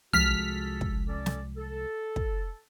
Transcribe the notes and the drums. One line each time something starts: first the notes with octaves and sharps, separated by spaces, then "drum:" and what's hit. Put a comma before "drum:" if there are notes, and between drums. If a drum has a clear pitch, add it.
C2 F3 G#3 F#4 G#4 A4 F6 B6, drum: tom
drum: kick
C#4 A4 D5
drum: snare
A4
drum: kick